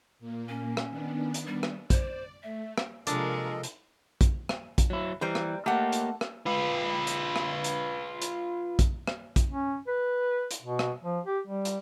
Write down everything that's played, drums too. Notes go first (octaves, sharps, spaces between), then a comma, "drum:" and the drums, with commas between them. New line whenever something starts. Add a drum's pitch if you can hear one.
A#2 A#3
C#4
drum: rim click
D#3 B3 D4
drum: hi-hat
G3
drum: rim click
C5 D5, drum: kick, hi-hat
A3 E5
drum: rim click
C3 F3 G#3 A#3 D4 A4 A#4 D#5, drum: hi-hat
drum: hi-hat
drum: kick, hi-hat
drum: rim click
drum: kick, hi-hat
F#3 E4
E3 G3 C5 A#5
drum: rim click
A3 A#3 G4 F#5
drum: hi-hat
drum: rim click
F4 B4
drum: hi-hat
drum: rim click
drum: hi-hat
drum: hi-hat
drum: kick, hi-hat
drum: rim click
drum: kick, hi-hat
C#4
B4
drum: hi-hat
B2
drum: rim click
F3
G4
G3
drum: hi-hat